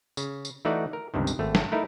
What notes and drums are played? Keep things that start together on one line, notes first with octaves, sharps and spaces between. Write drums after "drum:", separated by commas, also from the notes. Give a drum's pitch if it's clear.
C#3, drum: tambourine
drum: tambourine
E3 A3 D#4 F#4 D5 F#5
A#4
C#2 G2 C3 D#3
drum: tambourine
G#1 A3
drum: snare
A3 D#4 E4 A#4